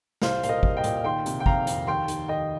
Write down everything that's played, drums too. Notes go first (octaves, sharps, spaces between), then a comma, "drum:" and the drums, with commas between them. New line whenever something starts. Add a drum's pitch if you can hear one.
C2 C5 F5, drum: snare
A#2 F5, drum: hi-hat
A#4 D#5
C2, drum: kick
D#5 G5
A#2, drum: hi-hat
D#3 G5 C6
C3, drum: hi-hat
G5
F2 F5 A#5, drum: kick
F2, drum: hi-hat
D#2 G5 C6
D#3, drum: hi-hat
D#2 D#5 G5